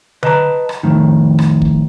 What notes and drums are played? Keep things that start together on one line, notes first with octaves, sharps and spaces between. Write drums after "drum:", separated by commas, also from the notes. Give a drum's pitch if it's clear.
B4 D#5 A5 A#5, drum: tom D3
drum: rim click
F2 A2 D#3
drum: rim click
drum: kick